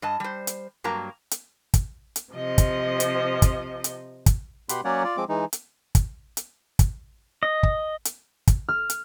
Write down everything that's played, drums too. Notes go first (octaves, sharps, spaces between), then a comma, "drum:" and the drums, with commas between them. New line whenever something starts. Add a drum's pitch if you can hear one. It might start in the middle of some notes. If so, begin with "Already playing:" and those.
G2 D#5 A5
G3 C5
drum: hi-hat
G2 F#3 A#3 A#5
drum: hi-hat
drum: kick, hi-hat
drum: hi-hat
C3 F3 D#5
drum: kick, hi-hat
drum: hi-hat
drum: kick, hi-hat
drum: hi-hat
drum: kick, hi-hat
B2 G4 F#5 B5 C6, drum: hi-hat
F#3 A#3 C#4 C#5 D5 F#5
F4 D5
F3 G#3 C4 D6
E3 G#3 D#4
drum: hi-hat
drum: kick, hi-hat
drum: hi-hat
drum: kick, hi-hat
D#5
drum: kick
drum: hi-hat
drum: kick, hi-hat
F6
drum: hi-hat